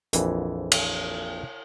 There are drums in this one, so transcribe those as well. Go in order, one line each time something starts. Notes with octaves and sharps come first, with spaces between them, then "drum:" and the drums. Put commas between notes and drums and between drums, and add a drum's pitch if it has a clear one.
A#1 F2 E3, drum: hi-hat
drum: cymbal